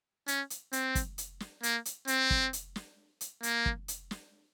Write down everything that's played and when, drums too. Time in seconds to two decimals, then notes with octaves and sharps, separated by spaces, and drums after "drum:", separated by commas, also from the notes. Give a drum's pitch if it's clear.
0.28 C#4, drum: hi-hat
0.50 drum: hi-hat
0.73 C4, drum: hi-hat
0.95 drum: kick, hi-hat
1.18 drum: hi-hat
1.40 drum: snare
1.63 A#3, drum: hi-hat
1.85 drum: hi-hat
2.07 C4, drum: hi-hat
2.31 drum: kick
2.53 drum: hi-hat
2.76 drum: snare
3.21 drum: hi-hat
3.43 A#3, drum: hi-hat
3.66 drum: kick
3.88 drum: hi-hat
4.11 drum: snare